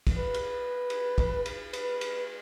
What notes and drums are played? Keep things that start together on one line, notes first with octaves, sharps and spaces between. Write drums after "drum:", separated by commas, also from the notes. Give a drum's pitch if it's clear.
drum: kick, cymbal
B4
drum: cymbal
drum: cymbal
drum: kick, cymbal
drum: cymbal
B4, drum: cymbal
drum: cymbal